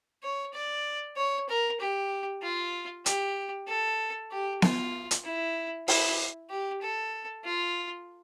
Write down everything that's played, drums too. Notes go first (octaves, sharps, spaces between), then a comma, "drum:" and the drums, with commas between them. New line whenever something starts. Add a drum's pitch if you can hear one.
C#5
D5
C#5
A#4
G4
F4
G4, drum: hi-hat
A4
G4
F4, drum: snare B3
drum: hi-hat
E4
E4, drum: open hi-hat
G4
A4
F4